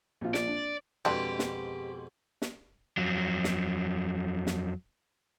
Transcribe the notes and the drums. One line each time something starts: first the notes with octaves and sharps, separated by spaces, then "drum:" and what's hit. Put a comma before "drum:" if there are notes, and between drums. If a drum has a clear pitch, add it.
A#1 F4
D5, drum: snare
D4
F2 G#2 B2 C4 D4 G4
drum: snare
drum: snare
F2 F#3
drum: snare
drum: snare